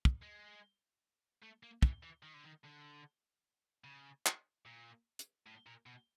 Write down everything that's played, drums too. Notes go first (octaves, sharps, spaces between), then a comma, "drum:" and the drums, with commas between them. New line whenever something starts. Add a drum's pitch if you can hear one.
drum: kick
G#3
A3
A#3
E3, drum: kick
E3
D#3
D3
D#3
D3
C#3
drum: clap
A#2
drum: hi-hat
A2
A#2
B2